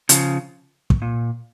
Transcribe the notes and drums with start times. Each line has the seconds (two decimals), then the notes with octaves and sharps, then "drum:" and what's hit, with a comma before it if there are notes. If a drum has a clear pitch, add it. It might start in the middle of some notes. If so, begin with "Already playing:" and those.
0.09 C#3 F3, drum: hi-hat
0.90 drum: kick
1.02 A#2